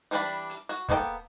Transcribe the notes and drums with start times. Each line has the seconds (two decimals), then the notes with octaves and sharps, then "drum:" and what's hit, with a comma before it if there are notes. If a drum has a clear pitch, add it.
0.11 E3 G3 D4 A5 B5
0.50 drum: hi-hat
0.69 F#4, drum: hi-hat
0.89 A#3 B3 A4 D#5 G5, drum: kick, hi-hat